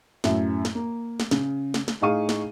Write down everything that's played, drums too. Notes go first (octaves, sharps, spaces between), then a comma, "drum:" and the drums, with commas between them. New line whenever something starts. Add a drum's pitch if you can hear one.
F#2 A2 E5, drum: snare
drum: snare
A#3
drum: snare
C#3, drum: snare
drum: snare
drum: snare
A2 D#4 G#4 F5 C#6 D#7
drum: snare